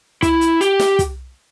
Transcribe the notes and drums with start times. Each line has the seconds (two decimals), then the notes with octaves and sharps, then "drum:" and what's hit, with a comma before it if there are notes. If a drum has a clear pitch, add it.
0.22 E4, drum: kick, hi-hat
0.41 drum: hi-hat
0.61 G4, drum: hi-hat
0.80 drum: snare
0.99 drum: kick, hi-hat